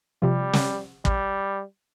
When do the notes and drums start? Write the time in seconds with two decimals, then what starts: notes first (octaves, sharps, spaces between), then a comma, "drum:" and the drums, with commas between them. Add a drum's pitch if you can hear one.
0.22 C3 F3 G3
0.53 drum: snare
1.05 G3, drum: kick